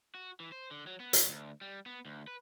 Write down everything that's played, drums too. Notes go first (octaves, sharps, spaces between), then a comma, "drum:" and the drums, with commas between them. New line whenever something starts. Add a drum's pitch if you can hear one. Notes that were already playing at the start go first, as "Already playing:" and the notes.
F#4
E3
C5
D3
F#3
B3
F#3, drum: hi-hat
D2
G3
B3
D2
B4